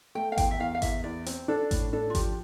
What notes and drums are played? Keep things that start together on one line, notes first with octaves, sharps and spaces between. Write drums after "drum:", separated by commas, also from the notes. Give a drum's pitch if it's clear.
A3 G5
F5
E2 G5, drum: kick G#1, hi-hat
E5
E2 F5
F5
E2 E5, drum: kick G#1, hi-hat
E2 D5
C4, drum: hi-hat
D4 A4
A2, drum: kick G#1, hi-hat
D4 A4
F4
F3 G4, drum: kick G#1, hi-hat